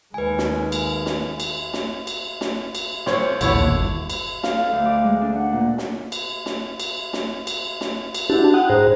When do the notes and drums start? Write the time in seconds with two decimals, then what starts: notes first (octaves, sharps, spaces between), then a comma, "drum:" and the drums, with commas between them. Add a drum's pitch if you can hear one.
0.14 D#2 G#3 B4 G#5
0.38 drum: snare
0.72 drum: cymbal
1.06 drum: snare
1.40 drum: cymbal
1.73 drum: snare
2.07 drum: cymbal
2.41 drum: snare
2.75 drum: cymbal
3.06 C2 C5 C#5, drum: snare
3.41 A#1 E2 D3 E4 C#5, drum: cymbal
3.54 A#1 D#2 A#2
3.69 G1
4.10 drum: cymbal
4.43 F5, drum: snare
4.59 A4
4.72 D2
4.85 D6
5.04 G#3
5.21 D4
5.36 F#5
5.53 A#2
5.78 drum: snare
6.12 drum: cymbal
6.46 drum: snare
6.80 drum: cymbal
7.13 drum: snare
7.47 drum: cymbal
7.81 drum: snare
8.15 drum: cymbal
8.29 D4 E4 F#4 G4 A5
8.54 F#5 G5 D#6 F#6
8.69 G#2 G#4 C5 A#5